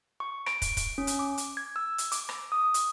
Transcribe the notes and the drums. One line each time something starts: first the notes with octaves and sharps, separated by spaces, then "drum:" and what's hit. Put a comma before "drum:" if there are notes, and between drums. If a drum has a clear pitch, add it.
C#6
D7, drum: rim click
drum: kick, hi-hat
drum: kick, hi-hat
C#4
drum: hi-hat
D6
drum: hi-hat
G#6
E6
drum: hi-hat
D6, drum: hi-hat
drum: rim click
D#6
drum: hi-hat